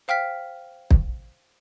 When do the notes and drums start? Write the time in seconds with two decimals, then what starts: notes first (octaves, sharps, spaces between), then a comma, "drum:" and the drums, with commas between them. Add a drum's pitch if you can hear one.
0.08 C5 F5 G5 F6 B6
0.91 drum: kick